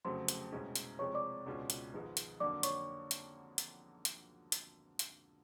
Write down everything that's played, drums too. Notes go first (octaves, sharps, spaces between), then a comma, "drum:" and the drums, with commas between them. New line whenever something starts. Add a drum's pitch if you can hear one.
F1 F2 C#3 F#3 A3 C5 C6
drum: hi-hat
C2 B2 G#3 C#4
drum: hi-hat
C3 F3 G#3 C#5 C#6
D5 D6
C#2 B2 G#3 C#4 F4
drum: hi-hat
G#1 G#2 F3 G#3 B3
drum: hi-hat
F2 D3 F#3 A#3 D5 D6
C#5 C#6, drum: hi-hat
drum: hi-hat
drum: hi-hat
drum: hi-hat
drum: hi-hat
drum: hi-hat